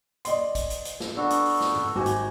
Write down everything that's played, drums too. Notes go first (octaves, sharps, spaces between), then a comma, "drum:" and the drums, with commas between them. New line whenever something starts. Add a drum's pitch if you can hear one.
D5 D#5 C6, drum: hi-hat
drum: kick, hi-hat
drum: hi-hat
drum: hi-hat
drum: snare
B3 D4 F#4 A4
drum: hi-hat
drum: open hi-hat
drum: snare
drum: tom G2
G#1 F#4 G4 G#5
drum: hi-hat